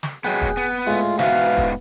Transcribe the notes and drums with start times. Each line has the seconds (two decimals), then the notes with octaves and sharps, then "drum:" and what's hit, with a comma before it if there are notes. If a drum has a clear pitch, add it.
0.03 drum: snare
0.24 F#3 G#3 B3 G#4 F#5 G5
0.42 drum: kick
0.57 B3
0.87 A2 G#3 F4
1.19 G#2 B2 E3 B3 F5, drum: snare
1.58 drum: kick